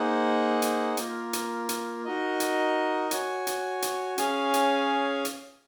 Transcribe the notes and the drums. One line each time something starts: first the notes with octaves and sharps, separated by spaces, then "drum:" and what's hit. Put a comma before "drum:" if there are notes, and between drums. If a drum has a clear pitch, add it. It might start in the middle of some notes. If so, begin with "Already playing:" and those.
Already playing: A#3 D#4 G#4 C5 F#5
drum: hi-hat
A#3 F4 A#4, drum: hi-hat
drum: hi-hat
drum: hi-hat
D#4 F#4 A#4 D#5
drum: hi-hat
F#4 C#5 G#5, drum: hi-hat
drum: hi-hat
drum: hi-hat
C#4 G#4 C#5 F5 G#5, drum: hi-hat
drum: hi-hat
drum: hi-hat